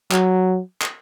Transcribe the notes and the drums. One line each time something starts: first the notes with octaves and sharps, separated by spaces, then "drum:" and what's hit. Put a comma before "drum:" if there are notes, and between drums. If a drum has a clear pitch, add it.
F#3, drum: clap
drum: clap